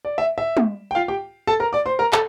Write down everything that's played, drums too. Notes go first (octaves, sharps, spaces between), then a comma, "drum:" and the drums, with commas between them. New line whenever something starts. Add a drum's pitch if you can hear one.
D5
E5
E5
drum: tom
G5
F4 F5
G4 G5
A4 A5
A#4 A#5
D5 D6
C5 C6
A#4 A#5
A4 A5, drum: clap